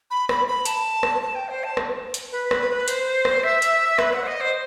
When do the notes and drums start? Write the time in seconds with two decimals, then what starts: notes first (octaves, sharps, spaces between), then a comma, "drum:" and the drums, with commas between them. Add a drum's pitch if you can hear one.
0.11 B5
0.29 B5, drum: rim click
0.48 B5
0.66 A5, drum: hi-hat
1.03 drum: rim click
1.22 A5
1.35 G5
1.49 C5
1.64 A5
1.77 drum: rim click
2.14 drum: hi-hat
2.32 B4
2.51 drum: rim click
2.88 C5, drum: hi-hat
3.25 drum: rim click
3.43 E5
3.62 drum: hi-hat
3.99 B4, drum: rim click
4.13 F#5
4.23 C5
4.27 D#5
4.41 C5